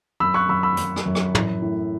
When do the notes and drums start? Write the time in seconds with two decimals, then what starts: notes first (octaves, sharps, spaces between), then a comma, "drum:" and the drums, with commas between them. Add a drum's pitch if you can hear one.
0.20 F#2 B5 E6
0.34 C#6 F#6
0.49 F#2 B5 E6
0.63 B5 E6
0.77 F#2, drum: hi-hat
0.96 drum: rim click
1.06 F#2
1.15 drum: rim click
1.35 E3, drum: tom
1.62 A2